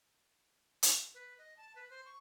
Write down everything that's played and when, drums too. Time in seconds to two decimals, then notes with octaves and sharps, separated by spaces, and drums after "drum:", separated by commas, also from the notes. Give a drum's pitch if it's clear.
0.83 drum: hi-hat
1.14 B4
1.38 D#5
1.57 A5
1.76 B4
1.90 C5
2.05 C#6